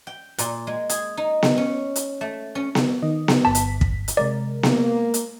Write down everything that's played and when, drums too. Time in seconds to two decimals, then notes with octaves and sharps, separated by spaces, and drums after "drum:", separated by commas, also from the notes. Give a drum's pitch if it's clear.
0.07 G5
0.38 A#2, drum: hi-hat
0.67 G#3
0.89 G#4, drum: hi-hat
1.17 D#4
1.43 drum: snare B3
1.58 C#4
1.96 drum: hi-hat
2.21 A3
2.55 C#4
2.75 drum: snare B3
3.02 D#3 D#5
3.28 drum: snare B3
3.45 G1 A5 B6
3.55 drum: hi-hat
3.81 drum: kick
4.08 drum: hi-hat
4.17 C3 G#3 A#4 D5
4.63 A#3, drum: snare B3
5.14 drum: hi-hat